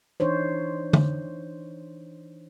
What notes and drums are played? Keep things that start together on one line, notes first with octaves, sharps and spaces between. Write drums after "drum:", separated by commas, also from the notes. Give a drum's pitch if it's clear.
E3 D4 D#4 C5 C#5
drum: tom